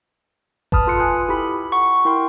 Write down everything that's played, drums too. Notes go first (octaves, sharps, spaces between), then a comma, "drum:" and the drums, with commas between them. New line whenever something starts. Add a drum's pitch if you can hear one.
B4 A5 B5 D#6 F6, drum: kick G1
F4 A4 B4 C6 F#6 C#7
G#5 D#6 F#6
E4 G4 A4 B5 B6
F#5 C#6
E4 A#4 G5 C6